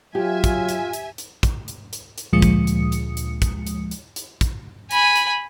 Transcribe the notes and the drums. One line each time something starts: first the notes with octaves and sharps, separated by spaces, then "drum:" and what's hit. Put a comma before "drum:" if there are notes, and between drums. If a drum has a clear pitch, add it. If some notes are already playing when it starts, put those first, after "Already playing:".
F#3 F4 G4 E5 G#5
drum: kick, hi-hat
drum: hi-hat
drum: hi-hat
drum: hi-hat
drum: kick, hi-hat
drum: hi-hat
drum: hi-hat
drum: hi-hat
D2 A#2 F3 G#3 D#6 C#7
drum: kick, hi-hat
drum: hi-hat
drum: hi-hat
drum: hi-hat
drum: kick, hi-hat
drum: hi-hat
drum: hi-hat
drum: hi-hat
drum: kick, hi-hat
G#5 B5, drum: hi-hat
drum: hi-hat